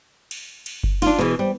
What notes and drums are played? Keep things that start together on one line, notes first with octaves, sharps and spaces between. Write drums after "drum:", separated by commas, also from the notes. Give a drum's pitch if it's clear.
drum: cymbal
drum: cymbal
drum: kick F#1
D4 D#4 F4, drum: cymbal
B2 E3 G#4
G3 C5